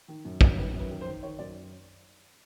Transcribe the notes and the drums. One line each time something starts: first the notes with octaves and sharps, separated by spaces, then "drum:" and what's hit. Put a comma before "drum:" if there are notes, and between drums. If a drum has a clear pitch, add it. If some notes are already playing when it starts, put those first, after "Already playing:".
D#3
F#2
F#2, drum: kick
D#3 B4
F#2
B4
D#3
C5
D#3
D#3 C#5
F#2 D5